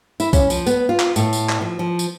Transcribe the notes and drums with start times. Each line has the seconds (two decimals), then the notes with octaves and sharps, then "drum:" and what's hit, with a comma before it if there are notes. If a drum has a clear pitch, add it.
0.20 E4, drum: tambourine
0.33 C#4, drum: kick B1, tambourine
0.50 F3, drum: tambourine
0.67 B3, drum: tambourine
0.89 F4
1.00 drum: clap
1.16 A2, drum: tambourine
1.33 drum: tambourine
1.49 drum: clap
1.61 F3
1.79 F3
1.99 drum: tambourine